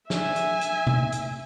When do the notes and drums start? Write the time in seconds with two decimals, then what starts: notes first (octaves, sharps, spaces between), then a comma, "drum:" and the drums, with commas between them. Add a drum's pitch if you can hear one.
0.10 E5 G#5, drum: snare
0.36 drum: hi-hat
0.61 drum: hi-hat
0.87 drum: tom B2
1.12 drum: hi-hat